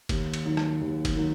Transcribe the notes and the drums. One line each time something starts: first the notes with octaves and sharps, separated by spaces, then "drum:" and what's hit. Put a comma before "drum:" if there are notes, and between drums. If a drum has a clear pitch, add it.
D#2, drum: kick, cymbal
drum: cymbal
D#3 F#3
drum: rim click
D#2
drum: kick, cymbal
D#3 F#3